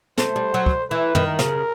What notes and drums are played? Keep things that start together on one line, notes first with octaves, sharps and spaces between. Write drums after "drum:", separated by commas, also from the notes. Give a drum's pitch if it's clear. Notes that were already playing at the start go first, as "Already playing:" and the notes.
A3 C5, drum: snare
G3
F#3
drum: kick
E3 B4
D#3, drum: tom
A#4
C#3, drum: snare